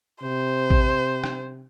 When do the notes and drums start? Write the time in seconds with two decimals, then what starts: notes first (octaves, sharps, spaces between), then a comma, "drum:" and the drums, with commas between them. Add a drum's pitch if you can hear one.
0.23 C3 C5
0.70 drum: kick A1
1.24 drum: rim click